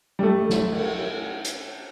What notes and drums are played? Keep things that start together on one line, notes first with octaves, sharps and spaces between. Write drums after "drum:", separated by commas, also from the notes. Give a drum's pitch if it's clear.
G3
A3
drum: snare
drum: cymbal
drum: hi-hat